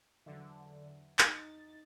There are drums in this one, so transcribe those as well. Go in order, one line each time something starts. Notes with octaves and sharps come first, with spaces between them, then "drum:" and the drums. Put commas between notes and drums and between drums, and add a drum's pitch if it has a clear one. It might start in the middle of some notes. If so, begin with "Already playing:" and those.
E2 D3 F#3 E5
D#4 A6, drum: clap